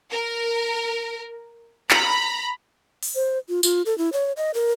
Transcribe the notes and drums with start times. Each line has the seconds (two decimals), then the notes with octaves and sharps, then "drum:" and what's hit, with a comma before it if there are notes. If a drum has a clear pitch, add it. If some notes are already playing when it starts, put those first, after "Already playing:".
0.11 A#4
1.91 A#5 B5, drum: clap
3.03 drum: open hi-hat
3.15 C5
3.49 F4
3.63 F4, drum: tambourine
3.86 A4
3.98 E4
4.13 C#5
4.37 D#5
4.54 A#4